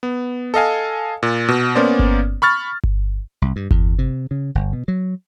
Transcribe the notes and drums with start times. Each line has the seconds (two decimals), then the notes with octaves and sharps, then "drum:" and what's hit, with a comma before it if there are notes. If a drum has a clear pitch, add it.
0.03 B3
0.54 A4 D#5 F5 G#5
1.23 A#2
1.48 B2
1.75 A#3 B3 C#4 C5 D5
1.99 drum: kick G1
2.42 B5 C#6 F6 A6
2.84 drum: kick G1
3.42 C2
3.56 G2
3.71 E2, drum: kick G1
3.99 C3
4.31 C#3
4.55 G1
4.73 B2
4.88 F#3